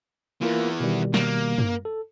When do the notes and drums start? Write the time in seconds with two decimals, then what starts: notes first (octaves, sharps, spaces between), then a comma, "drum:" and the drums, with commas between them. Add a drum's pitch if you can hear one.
0.41 E2 E3 A#3 F4 A#4
0.80 B2 D#3 G3
1.14 A#3, drum: snare
1.58 drum: tom
1.85 A4